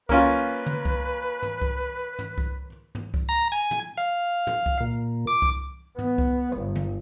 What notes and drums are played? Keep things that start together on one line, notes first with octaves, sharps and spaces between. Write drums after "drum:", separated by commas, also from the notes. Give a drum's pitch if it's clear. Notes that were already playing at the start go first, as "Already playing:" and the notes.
A#3 C#4 F4 B4, drum: kick C2
drum: tom
drum: kick C2
drum: tom G#2
drum: kick C2
drum: tom G#2
drum: kick C2
drum: tom G#2
drum: kick C2
A#5
G#5
drum: tom
F5
drum: tom
drum: kick C2
A#2
D6
drum: kick C2
B3, drum: tom G#2
drum: kick C2
G1
drum: tom